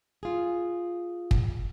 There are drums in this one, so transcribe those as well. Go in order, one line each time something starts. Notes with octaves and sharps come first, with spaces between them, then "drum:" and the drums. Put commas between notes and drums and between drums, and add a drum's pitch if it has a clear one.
F4 G#4
drum: kick